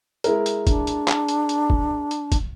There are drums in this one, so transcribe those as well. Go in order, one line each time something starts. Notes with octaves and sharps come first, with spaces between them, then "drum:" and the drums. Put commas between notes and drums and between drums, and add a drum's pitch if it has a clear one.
G#3 E4 A#4, drum: hi-hat
drum: hi-hat
D4, drum: kick, hi-hat
drum: hi-hat
drum: clap
drum: hi-hat
drum: hi-hat
drum: kick
drum: hi-hat
drum: kick, hi-hat